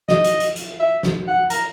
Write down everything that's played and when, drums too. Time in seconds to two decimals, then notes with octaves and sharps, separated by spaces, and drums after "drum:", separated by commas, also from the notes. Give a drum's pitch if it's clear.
0.09 D#5, drum: snare
0.24 drum: hi-hat
0.40 drum: hi-hat
0.56 drum: hi-hat
0.80 E5
1.03 drum: snare
1.28 F#5
1.50 A#5, drum: hi-hat